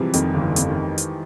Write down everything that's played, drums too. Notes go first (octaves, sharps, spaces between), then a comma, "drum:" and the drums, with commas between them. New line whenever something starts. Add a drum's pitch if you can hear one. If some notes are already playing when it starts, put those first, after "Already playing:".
Already playing: C3 E3 F3 G3 G#3
F2 D#3, drum: hi-hat
G1
E3
F2, drum: hi-hat
D#3
drum: hi-hat